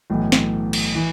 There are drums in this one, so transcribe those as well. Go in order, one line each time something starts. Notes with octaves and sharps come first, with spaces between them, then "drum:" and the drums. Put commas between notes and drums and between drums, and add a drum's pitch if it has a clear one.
B1 A2 E3
drum: snare
drum: cymbal
E3